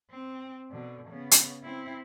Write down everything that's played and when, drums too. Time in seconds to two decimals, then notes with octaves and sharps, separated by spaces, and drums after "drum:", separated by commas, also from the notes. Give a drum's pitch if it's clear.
0.11 C4
0.71 B2 D3
1.08 C#3 B3
1.31 drum: hi-hat
1.63 C4 E4